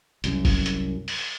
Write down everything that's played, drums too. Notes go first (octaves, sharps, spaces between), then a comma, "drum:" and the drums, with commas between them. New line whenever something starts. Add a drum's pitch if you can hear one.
C2 F#2, drum: hi-hat
drum: kick, open hi-hat
drum: hi-hat
drum: open hi-hat